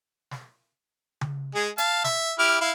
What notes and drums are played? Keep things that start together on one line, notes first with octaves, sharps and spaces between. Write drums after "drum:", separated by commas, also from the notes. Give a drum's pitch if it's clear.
drum: snare
drum: tom C#3
G#3 G#4
F5 A5, drum: hi-hat
E5, drum: snare
E4 G4 F6
E4 F5